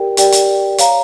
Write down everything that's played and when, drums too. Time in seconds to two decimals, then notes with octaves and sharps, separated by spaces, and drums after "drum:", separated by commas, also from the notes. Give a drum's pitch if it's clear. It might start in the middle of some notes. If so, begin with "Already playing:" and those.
Already playing: G4 A#4 D5 G5
0.17 G4 A#4 D5 G5, drum: hi-hat
0.32 drum: hi-hat
0.78 C#5 F5 A#5, drum: hi-hat